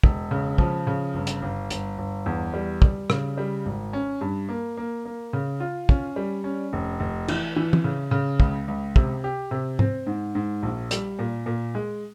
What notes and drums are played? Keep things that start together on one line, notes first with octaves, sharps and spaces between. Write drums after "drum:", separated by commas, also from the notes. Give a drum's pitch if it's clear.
E1, drum: kick
C#3
F3, drum: kick
C#3
G1
drum: hi-hat
G1
G1, drum: hi-hat
G1
E2
G3
G3, drum: kick
C#3, drum: rim click
G3
G#1
C#4
G2
A#3
A#3
A#3
C#3
F4
C#4, drum: kick
G3
C#4
F1
F1
E3, drum: cymbal
E3
drum: tom E3
C#3
C#3
C#2, drum: kick
C#2
C3, drum: kick
G4
C3
C4, drum: tom G#2
G#2
G#2
A#1
G3, drum: hi-hat
A#2
A#2
G#3